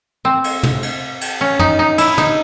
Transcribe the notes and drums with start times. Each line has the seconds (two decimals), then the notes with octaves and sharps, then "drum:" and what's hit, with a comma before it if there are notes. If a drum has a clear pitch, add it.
0.25 C4
0.44 drum: cymbal
0.63 drum: tom
0.83 drum: cymbal
1.21 drum: cymbal
1.41 C#4
1.59 D#4, drum: tom
1.79 D#4
1.98 E4, drum: cymbal
2.18 D#4, drum: tom